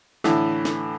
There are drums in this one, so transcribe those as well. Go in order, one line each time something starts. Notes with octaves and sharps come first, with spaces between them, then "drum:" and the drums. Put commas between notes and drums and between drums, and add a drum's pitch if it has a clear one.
A2 D3 E3, drum: snare
drum: snare